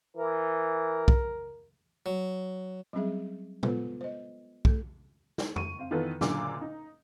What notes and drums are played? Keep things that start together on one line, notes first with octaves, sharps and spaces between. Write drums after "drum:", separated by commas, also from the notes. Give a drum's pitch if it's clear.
E3 A#4
drum: kick
F#3
F#3 G3 C4 C#4 G#4 E5
G#3 B3 F4 A4 B4 C5, drum: tom A#2
C5 D#5
A3 A4, drum: kick
drum: snare
C#6 D#7, drum: tom F2
C4 F5
D#3 E3 B3 F4 A4 B4
F#1 F#2 A#2 D3 D6, drum: snare
D#4